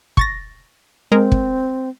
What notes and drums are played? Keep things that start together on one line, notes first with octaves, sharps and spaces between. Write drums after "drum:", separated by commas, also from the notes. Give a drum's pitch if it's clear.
C#6 A6 A#6, drum: kick
G#3 C4 A#4
drum: kick